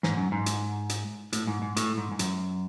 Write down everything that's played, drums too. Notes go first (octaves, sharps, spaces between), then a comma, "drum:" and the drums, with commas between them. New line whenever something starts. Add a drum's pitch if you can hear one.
G#2, drum: snare
F#2
G#2
drum: hi-hat
drum: hi-hat
A2, drum: hi-hat
G#2
G#2
A2, drum: hi-hat
G#2
G#2
F#2, drum: hi-hat